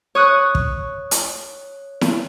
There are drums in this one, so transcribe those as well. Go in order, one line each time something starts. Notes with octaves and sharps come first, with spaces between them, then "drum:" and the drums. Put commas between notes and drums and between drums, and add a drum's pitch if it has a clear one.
C#5 D#6 F#6
drum: kick
drum: hi-hat
drum: snare E4